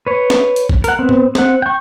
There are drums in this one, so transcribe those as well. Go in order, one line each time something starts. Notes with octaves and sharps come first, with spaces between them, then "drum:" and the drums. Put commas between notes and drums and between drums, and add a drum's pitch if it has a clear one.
B4 C#5
drum: snare
drum: hi-hat
drum: kick A1
A#4 F#5, drum: hi-hat
B3 C4
drum: tom
C4 F#5, drum: snare
G5 C#6